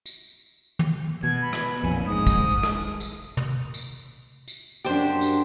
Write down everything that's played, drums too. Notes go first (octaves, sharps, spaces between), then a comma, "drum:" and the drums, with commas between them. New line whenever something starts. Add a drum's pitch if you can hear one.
drum: tambourine
drum: tom
B2 G#6
B5
drum: rim click
A#1 F2 G#5
G#2 D#6
drum: kick, tambourine
drum: rim click
drum: tambourine
drum: tom
drum: tambourine
drum: tambourine
F#2 D4 G4 C5
drum: tambourine